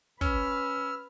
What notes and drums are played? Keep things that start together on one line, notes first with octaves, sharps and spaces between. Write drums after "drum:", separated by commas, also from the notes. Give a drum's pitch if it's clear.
C#4 B4 E6 F6, drum: kick